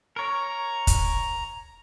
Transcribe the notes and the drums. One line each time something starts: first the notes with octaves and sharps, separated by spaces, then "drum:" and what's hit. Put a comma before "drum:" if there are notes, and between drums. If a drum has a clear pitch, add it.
A#4 C#5 A#5
drum: kick, hi-hat